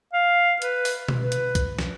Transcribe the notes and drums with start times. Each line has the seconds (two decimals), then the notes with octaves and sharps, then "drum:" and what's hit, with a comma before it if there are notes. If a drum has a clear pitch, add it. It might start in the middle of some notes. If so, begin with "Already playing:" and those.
0.14 F5
0.62 B4, drum: hi-hat
0.85 drum: open hi-hat
1.08 drum: tom B2
1.18 B4
1.32 drum: hi-hat
1.55 drum: kick B1, hi-hat
1.79 drum: snare